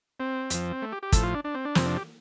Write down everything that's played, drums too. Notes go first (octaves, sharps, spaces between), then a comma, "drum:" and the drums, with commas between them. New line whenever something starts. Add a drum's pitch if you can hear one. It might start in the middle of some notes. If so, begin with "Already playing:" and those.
C4
F2 F3, drum: hi-hat
A3
G4
G4
A2 F3 A4, drum: kick, hi-hat
F4
D4
D4
C4
D4
F2 C3 F3 C4, drum: snare
D4
G4